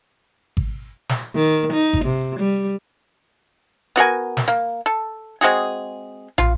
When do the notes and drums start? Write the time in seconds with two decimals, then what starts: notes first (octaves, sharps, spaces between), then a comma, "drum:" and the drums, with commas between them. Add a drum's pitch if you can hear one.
0.57 drum: kick G#1
1.09 drum: snare
1.35 D#3
1.72 D#4
1.93 drum: kick G#1
2.05 C3
2.39 G3
3.96 B3 F#4 A#4 G#5
4.37 drum: snare
4.48 A#3
4.86 A4
5.41 G#3 C4 F#4 G#4
6.38 F4, drum: tom